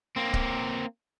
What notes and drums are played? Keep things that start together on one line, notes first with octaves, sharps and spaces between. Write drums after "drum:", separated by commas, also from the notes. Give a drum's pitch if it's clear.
A#3 C4
drum: kick C#1